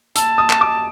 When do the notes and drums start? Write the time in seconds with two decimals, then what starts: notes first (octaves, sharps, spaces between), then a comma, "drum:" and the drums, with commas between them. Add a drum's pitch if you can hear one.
0.16 A5 E6, drum: hi-hat
0.38 D#6
0.50 drum: clap
0.61 D6